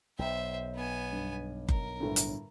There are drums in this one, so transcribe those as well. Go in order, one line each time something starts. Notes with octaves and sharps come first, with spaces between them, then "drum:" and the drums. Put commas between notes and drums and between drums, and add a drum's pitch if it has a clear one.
B1 C5 E5 G5
B3 G#5
G2
A#4, drum: kick F#1
G1 A2 D3
drum: hi-hat